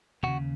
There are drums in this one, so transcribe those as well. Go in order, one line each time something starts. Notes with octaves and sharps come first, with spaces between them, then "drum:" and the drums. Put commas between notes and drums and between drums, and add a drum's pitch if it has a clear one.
D#2 C#3 F#4, drum: tom